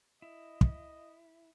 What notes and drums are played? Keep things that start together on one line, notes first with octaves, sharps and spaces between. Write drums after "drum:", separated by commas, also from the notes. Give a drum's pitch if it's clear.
E4 D#5
drum: kick